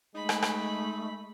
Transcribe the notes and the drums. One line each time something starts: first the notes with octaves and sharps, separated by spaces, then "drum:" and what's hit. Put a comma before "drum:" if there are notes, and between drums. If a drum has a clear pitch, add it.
G#3 A3 D#4 B5
drum: rim click
drum: rim click